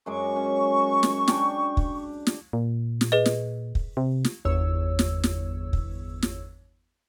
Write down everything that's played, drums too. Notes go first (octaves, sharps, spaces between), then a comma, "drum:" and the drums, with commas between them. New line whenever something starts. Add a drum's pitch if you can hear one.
F#2 G#3 C#6 D6
C#4
drum: snare
D4 G5, drum: snare
drum: kick
drum: snare
A#2
drum: snare
G#4 B4 D#5
drum: snare
drum: kick
C3
drum: snare
G1 E2 C#5 E6
drum: snare
drum: snare
drum: kick
drum: snare